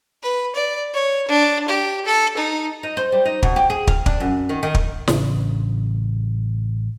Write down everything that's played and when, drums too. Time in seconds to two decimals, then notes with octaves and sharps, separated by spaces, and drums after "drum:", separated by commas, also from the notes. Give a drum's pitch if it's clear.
0.23 B4
0.55 D5
0.94 C#5
1.28 D4
1.68 G4
2.05 A4
2.37 D#4
2.83 D#4
2.97 C5
3.12 G3
3.26 D#4
3.43 B2, drum: kick
3.56 G4
3.70 G#4
3.87 F5, drum: kick
4.06 D4, drum: kick
4.20 F#2
4.49 D#3
4.63 D#3
4.75 drum: kick
5.08 A1 C#3 D4, drum: snare